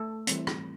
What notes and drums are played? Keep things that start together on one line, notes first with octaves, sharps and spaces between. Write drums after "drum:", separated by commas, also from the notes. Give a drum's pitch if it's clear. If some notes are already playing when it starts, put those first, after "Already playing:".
Already playing: A3 A4
E3 G3 C4, drum: hi-hat
drum: rim click